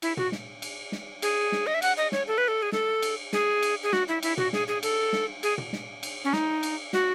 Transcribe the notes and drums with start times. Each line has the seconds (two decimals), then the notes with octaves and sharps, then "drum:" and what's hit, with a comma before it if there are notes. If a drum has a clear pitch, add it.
0.02 E4, drum: cymbal
0.17 F#4, drum: tom
0.32 drum: snare
0.62 drum: cymbal
0.92 drum: snare
1.22 G#4, drum: cymbal
1.52 drum: snare
1.67 D#5
1.74 E5
1.82 F#5, drum: cymbal
1.97 D#5
2.12 C#5, drum: snare
2.27 A4
2.38 B4
2.48 A4
2.62 G#4
2.72 A4, drum: snare
3.02 drum: cymbal
3.33 G#4, drum: snare
3.62 drum: cymbal
3.83 G#4
3.93 F#4, drum: snare
4.08 E4
4.23 E4, drum: cymbal
4.37 F#4, drum: tom
4.53 G#4, drum: snare
4.68 G#4
4.83 A4, drum: cymbal
5.13 drum: snare
5.43 G#4, drum: cymbal
5.58 drum: tom
5.73 drum: snare
6.03 drum: cymbal
6.24 C#4
6.33 D#4, drum: snare
6.63 drum: cymbal
6.93 F#4, drum: snare